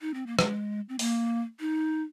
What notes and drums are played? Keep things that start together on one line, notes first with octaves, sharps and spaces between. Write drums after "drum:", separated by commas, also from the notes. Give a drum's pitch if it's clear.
D#4
C4
A#3
G#3, drum: rim click
C4
A#3, drum: open hi-hat
D#4